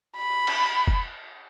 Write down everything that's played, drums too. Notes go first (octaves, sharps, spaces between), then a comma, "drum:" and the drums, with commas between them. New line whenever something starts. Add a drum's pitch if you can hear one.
B5
drum: cymbal
drum: kick